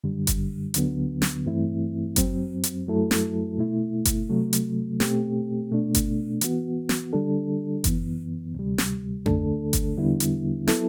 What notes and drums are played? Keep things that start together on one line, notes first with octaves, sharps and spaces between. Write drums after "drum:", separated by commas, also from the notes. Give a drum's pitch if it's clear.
F#2 D3 G3
drum: kick G1, hi-hat
D2 D3 F#3 B3, drum: hi-hat
drum: snare
G2 E3 A3 C4 E4
F#2 F#3 C4, drum: kick G1, hi-hat
drum: hi-hat
F#2 F#3 A3 E4 A4
drum: snare
B2 A3 E4
drum: kick G1, hi-hat
C3 F#3 A3
drum: hi-hat
B2 A3 C4 G4, drum: snare
B2 A3 D4
drum: kick G1, hi-hat
E3 B3 F#4, drum: hi-hat
drum: snare
D3 G3 D4 A4
F#2 E3 B3, drum: kick G1, hi-hat
D2 C3 G3
drum: snare
D2 D3 A3 D4 A4, drum: tom F2
drum: kick G1, hi-hat
E2 D3 G3 B3 E4
drum: hi-hat
F#3 B3 E4 A4, drum: snare